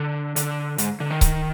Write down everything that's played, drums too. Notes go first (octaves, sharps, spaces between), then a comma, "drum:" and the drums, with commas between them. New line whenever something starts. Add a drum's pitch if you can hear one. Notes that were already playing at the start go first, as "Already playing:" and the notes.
Already playing: D3
D3, drum: hi-hat
G#2, drum: hi-hat
D3
D#3
drum: kick C#1, hi-hat